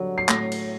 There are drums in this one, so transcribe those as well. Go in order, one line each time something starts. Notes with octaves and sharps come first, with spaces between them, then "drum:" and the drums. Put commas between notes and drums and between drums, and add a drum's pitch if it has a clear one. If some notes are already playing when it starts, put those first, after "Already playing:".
Already playing: D3 F#3 G3
C7
A2 A#6, drum: clap
drum: cymbal